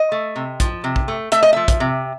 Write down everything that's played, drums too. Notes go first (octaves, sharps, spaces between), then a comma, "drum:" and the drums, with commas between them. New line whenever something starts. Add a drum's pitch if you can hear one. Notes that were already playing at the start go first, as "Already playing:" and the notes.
Already playing: D#5
A3
C3
F3, drum: kick, hi-hat
C3
drum: kick
A3
A3 E5, drum: hi-hat
D#5
F3 E5
drum: kick, hi-hat
C3